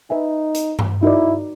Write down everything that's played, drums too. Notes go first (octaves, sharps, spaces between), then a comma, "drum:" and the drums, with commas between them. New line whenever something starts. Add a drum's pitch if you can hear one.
D#4 B4 E5 G#5
drum: hi-hat
drum: tom G2
D#4 E4 F#4 A#4 D5